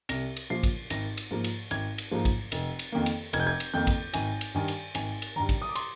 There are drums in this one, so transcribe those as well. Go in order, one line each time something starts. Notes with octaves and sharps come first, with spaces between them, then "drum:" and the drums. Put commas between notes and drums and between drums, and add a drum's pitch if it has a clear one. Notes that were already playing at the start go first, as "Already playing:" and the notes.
C2 A#6, drum: cymbal
drum: cymbal
A#2 F3 C7
drum: kick A1, cymbal
G#1 A#6, drum: cymbal
drum: cymbal
G#2 F3 A#3
drum: cymbal
G#1 G#6, drum: cymbal
drum: cymbal
G#2 F3 A#3
drum: kick A1, cymbal
F1, drum: cymbal
drum: cymbal
F2 D#3 A#3
drum: cymbal
F1 G#6, drum: cymbal
G6
G#6
drum: cymbal
F2 D#3 A#3 G6
drum: kick A1, cymbal
G#1 G#5, drum: cymbal
drum: cymbal
G2 D#3 G#5
drum: cymbal
G#1 G#5, drum: cymbal
drum: cymbal
G2 D#3 A#5
drum: kick A1, cymbal
D#6
D6
C6, drum: cymbal